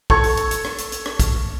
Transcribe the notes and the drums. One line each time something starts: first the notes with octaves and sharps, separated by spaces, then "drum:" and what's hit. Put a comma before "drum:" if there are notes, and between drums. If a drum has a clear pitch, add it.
A4 C#6 G#6, drum: kick
drum: open hi-hat
drum: hi-hat
drum: hi-hat
drum: rim click
drum: hi-hat
drum: hi-hat
drum: rim click
drum: kick, hi-hat